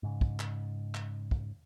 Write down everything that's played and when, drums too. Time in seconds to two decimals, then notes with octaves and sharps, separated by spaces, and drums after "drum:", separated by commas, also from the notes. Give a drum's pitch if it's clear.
0.03 G#2 C#3
0.21 drum: kick
0.40 drum: clap
0.95 drum: clap
1.31 drum: kick